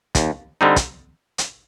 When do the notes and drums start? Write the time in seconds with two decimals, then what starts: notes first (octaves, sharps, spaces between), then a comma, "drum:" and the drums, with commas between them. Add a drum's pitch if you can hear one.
0.15 D#2, drum: kick, hi-hat
0.61 D3 G3 C4 D#4
0.76 drum: kick, hi-hat
1.38 drum: hi-hat